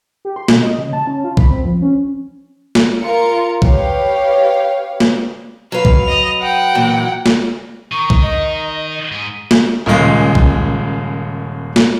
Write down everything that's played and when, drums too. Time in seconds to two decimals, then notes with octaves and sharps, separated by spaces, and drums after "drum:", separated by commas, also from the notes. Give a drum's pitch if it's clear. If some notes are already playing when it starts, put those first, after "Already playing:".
0.25 G4
0.36 C6
0.48 B2, drum: snare
0.62 D#5
0.78 C#3
0.93 A5
1.07 C#4
1.24 F4
1.37 B5, drum: kick B1
1.50 C4
1.65 F3
1.82 C#4
2.75 drum: snare
3.02 F4 A#4 C#7
3.62 G4 B4 C#5 F5, drum: kick B1
5.00 drum: snare
5.72 F#3 B4 F5
5.85 drum: kick B1
6.05 D#5 F7
6.41 F#5 G5
6.75 A#2 E3 F#3
7.26 drum: snare
7.92 D#3 C#6
8.10 drum: kick B1
8.23 D#5
9.12 G#2 G#3
9.51 drum: snare
9.86 D#1 A#2 C#3 G#3
10.35 drum: kick B1
11.76 drum: snare